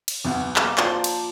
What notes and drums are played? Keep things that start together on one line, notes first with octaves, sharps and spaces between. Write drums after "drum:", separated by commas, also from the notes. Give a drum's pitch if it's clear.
drum: cymbal
B1 E2
A#3, drum: clap
F3 C5 D5, drum: clap
drum: cymbal